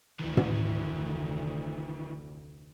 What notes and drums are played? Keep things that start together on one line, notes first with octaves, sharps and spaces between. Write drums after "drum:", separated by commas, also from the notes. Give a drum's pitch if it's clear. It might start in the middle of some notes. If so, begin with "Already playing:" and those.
F1 D2 D#3 E3
drum: tom